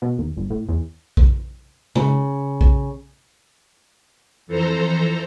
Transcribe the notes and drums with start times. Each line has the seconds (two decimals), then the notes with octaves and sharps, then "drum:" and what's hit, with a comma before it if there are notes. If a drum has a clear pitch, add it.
0.02 B2
0.19 D#2
0.37 G1
0.50 A2
0.69 E2
1.17 drum: kick A#1
1.95 C#3, drum: tom
2.61 drum: kick A#1
4.47 F2 E3 A4 C5 A#5